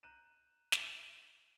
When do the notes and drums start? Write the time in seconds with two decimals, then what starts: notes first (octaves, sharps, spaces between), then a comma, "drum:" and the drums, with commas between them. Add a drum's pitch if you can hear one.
0.03 A#5 F#6 G6 D#7 E7
0.72 drum: snare